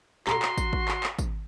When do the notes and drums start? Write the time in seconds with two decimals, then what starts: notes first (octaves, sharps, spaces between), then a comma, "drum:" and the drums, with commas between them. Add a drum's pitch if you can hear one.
0.27 F#4 G4 A4 A#5 C6, drum: clap
0.42 drum: clap
0.58 drum: kick, tambourine
0.73 drum: kick
0.88 drum: clap
1.03 drum: clap
1.19 drum: kick, tambourine